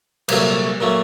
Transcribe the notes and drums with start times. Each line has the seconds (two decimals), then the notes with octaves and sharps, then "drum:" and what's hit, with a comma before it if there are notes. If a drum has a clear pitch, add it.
0.29 C2 A#2 F#3 A3 C#4, drum: cymbal
0.80 A#2 F#3 A3 C#4